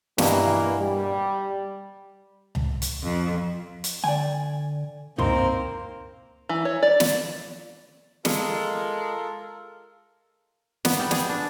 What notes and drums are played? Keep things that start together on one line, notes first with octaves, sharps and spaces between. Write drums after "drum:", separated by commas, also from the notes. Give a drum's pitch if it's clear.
G2 B2 E3 A#3, drum: snare
G3
drum: tom C#2
drum: hi-hat
F2
drum: hi-hat
D3 D5 G5 G#5
F#2 A#3 C4 D#4 C6, drum: tom C#2
E3
C#5
D5
drum: snare
G#3 F4 A4 A#4, drum: snare
B3, drum: snare
G3
G#4, drum: snare
D4